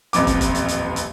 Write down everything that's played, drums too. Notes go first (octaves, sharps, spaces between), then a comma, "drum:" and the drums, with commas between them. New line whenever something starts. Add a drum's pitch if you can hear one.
D#1 A1 F2 D6, drum: hi-hat
drum: kick, hi-hat
drum: kick, hi-hat
drum: hi-hat
drum: hi-hat
drum: hi-hat